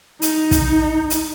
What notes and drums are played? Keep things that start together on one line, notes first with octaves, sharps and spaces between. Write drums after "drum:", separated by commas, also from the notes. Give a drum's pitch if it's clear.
D#4, drum: hi-hat
drum: kick, hi-hat
drum: hi-hat